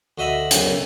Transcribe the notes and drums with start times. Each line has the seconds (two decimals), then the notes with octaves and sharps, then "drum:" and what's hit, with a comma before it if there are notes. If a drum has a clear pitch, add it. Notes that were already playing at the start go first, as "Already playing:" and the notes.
0.18 D2 F#4 D#5 E5 B5
0.51 B1 F#2 C#3 C5, drum: hi-hat